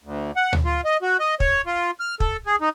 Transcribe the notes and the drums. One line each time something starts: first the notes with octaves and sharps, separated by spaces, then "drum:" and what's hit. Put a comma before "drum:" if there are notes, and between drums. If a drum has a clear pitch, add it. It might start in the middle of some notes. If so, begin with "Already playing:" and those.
D2
F#5
drum: tom D2
F4
D#5
F#4
D#5
C#5, drum: kick
F4
F6
A4, drum: kick
G#4
D#4